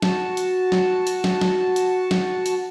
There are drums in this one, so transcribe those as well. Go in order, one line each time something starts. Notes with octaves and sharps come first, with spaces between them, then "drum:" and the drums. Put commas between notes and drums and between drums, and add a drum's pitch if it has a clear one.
F#4 A5, drum: snare
drum: hi-hat
drum: snare
drum: hi-hat
drum: snare
drum: snare
drum: hi-hat
drum: snare
drum: hi-hat